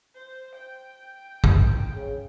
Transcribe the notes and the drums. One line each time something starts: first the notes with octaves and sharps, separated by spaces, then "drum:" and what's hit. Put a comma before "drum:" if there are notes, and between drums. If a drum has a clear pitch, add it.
C5
G5
drum: kick
C#3